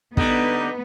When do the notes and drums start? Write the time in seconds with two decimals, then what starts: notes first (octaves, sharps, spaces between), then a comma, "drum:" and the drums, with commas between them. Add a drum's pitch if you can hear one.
0.17 D3 G3 B3 D#4, drum: kick